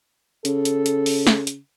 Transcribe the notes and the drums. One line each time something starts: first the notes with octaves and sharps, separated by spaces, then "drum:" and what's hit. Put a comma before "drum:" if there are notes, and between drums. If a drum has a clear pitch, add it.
C#3 A4, drum: hi-hat
drum: hi-hat
drum: hi-hat
drum: open hi-hat
drum: snare
drum: hi-hat